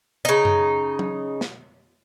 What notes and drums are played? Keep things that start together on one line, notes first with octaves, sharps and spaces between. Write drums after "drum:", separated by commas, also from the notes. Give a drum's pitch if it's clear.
C#3 D#4
drum: tom F#2
drum: tom F#3
drum: snare